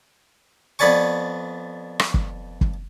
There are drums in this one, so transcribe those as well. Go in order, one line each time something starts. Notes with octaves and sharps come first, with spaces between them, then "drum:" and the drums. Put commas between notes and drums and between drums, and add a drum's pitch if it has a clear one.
F2 B3 B4 D5 G#5 C#6
drum: rim click
drum: kick F#1
drum: kick F#1